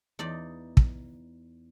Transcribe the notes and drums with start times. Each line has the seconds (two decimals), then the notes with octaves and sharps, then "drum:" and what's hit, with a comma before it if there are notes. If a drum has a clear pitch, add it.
0.19 E2 D#4 D5
0.77 drum: kick